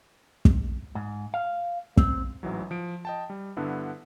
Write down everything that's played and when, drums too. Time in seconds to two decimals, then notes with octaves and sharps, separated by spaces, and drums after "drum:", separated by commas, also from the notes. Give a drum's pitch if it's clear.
0.45 drum: kick
0.95 G#2
1.34 F5
1.97 C4, drum: kick
2.43 A1 G#2 E3 F#3
2.71 F3 D7
3.05 D#5 G5 A5
3.30 G3
3.57 G2 D3 B3 D4 E4